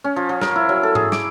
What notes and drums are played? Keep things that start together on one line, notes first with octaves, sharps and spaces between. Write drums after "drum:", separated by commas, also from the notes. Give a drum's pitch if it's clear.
C#4
F3
F3
A#4, drum: snare
E4
F#3
A4
G#4, drum: tom G#2
D6, drum: snare